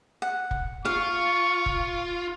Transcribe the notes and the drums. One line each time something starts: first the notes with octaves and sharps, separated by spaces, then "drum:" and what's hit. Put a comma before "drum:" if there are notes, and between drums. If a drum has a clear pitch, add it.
F#5
drum: kick
F4 F5 C#6
drum: kick